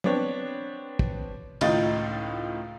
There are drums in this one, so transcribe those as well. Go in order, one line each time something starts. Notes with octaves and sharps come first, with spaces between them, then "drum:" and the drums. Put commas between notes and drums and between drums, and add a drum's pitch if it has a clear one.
B3 C4 D4 C#5, drum: tom
drum: kick
C#2 A2 D#3 D#4 F4 A6, drum: cymbal